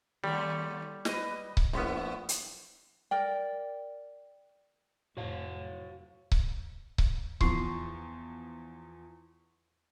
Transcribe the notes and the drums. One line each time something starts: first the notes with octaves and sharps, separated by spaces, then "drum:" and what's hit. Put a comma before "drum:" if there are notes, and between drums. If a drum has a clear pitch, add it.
D#2 G3 A3
B4 D#5, drum: snare
drum: kick C#1
A#1 A3 B3 E4
drum: hi-hat
A#4 D5 G5
F1 A2 F#4 C#5 F5
drum: kick C#1
drum: kick C#1
E2 F3 C6 C#6 C7, drum: kick C#1